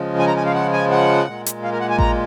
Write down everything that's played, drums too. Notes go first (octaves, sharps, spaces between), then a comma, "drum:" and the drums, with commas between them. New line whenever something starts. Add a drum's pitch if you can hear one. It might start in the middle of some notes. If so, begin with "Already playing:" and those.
Already playing: C#3 F3 G#3
G#5
A#5
G#5
F5
F#5
G#5
F#5
A#2 G#3
drum: hi-hat
F5
A#4
F#5
G#5
A#5, drum: kick A1